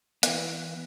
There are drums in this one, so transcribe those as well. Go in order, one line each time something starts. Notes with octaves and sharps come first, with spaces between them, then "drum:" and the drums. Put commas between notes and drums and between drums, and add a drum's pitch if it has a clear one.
E3 B3, drum: hi-hat